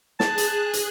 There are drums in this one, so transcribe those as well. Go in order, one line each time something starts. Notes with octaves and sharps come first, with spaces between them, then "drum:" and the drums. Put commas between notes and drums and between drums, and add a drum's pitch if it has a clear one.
G#4 A5 F#6, drum: snare
drum: hi-hat
drum: hi-hat